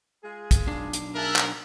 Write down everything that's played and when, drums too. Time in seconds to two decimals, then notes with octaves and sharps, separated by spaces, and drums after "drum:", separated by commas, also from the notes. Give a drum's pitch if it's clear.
0.23 G#3 F4 G#4
0.51 drum: kick, hi-hat
0.67 B1 D4
0.93 drum: hi-hat
1.15 G#4 A#4 E5 F5 A5 F#6
1.36 drum: clap